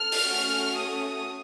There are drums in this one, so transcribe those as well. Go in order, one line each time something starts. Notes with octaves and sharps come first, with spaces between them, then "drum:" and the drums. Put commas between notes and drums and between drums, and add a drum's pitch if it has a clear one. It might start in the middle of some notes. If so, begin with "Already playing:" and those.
Already playing: A4 F6
drum: open hi-hat
A3 C#4 F#4
D#6